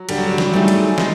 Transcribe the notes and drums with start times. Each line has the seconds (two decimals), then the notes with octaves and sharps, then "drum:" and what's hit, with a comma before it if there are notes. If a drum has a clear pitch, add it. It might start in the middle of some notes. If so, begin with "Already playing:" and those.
Already playing: F#3
0.09 D3 G3, drum: cymbal
0.18 F#3
0.28 G3
0.38 drum: snare
0.53 G3 A3 C4 D#4 G#4
0.68 drum: cymbal
0.98 G#3, drum: snare